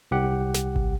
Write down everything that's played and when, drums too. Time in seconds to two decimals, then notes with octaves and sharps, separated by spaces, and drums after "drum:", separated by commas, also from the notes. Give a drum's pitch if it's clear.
0.11 C2 G4 F#5
0.54 drum: snare
0.76 drum: kick G#1